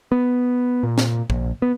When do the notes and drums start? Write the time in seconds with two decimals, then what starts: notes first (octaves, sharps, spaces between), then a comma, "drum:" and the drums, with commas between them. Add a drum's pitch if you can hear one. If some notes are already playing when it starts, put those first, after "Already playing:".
0.12 B3
0.83 A#2
0.98 drum: snare
1.30 A#1, drum: kick
1.62 B3